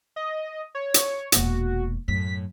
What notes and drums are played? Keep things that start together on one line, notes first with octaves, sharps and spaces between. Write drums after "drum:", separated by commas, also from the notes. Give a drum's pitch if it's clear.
D#5
C#5
drum: hi-hat
E1 A#2 F#4, drum: hi-hat
F#2 A2 B6